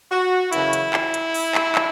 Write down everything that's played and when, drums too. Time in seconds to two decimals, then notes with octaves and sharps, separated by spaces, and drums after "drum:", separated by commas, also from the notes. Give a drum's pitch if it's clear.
0.12 F#4
0.53 F#2 C#3 E3 E4, drum: hi-hat
0.73 drum: hi-hat
0.94 drum: clap
1.14 drum: hi-hat
1.34 drum: open hi-hat
1.55 drum: clap
1.75 drum: clap